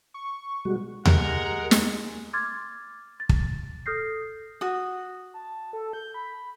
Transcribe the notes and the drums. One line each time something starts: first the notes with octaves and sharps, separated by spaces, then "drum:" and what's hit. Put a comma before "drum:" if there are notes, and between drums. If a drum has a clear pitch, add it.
C#6
B2 G3 G#3 F#4
G#3 G4 A#4 F#5, drum: tom D#2
drum: snare
C6 D6 F6 G#6 A6
A6
drum: kick
A4 D#6 F6 G6 A#6 C7
F#4 D#6
A5
A4
G6
B5